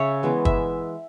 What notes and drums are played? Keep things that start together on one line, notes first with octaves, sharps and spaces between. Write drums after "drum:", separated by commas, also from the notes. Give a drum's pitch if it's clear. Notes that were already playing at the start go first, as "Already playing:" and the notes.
Already playing: C#3 C#5 E5
E3 G#3 B3
E5, drum: kick